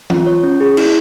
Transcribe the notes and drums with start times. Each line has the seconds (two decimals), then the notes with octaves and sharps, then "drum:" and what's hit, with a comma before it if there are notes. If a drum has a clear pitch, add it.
0.10 F4, drum: tom E3
0.26 C#5
0.44 C#4
0.61 G#4
0.77 E4, drum: cymbal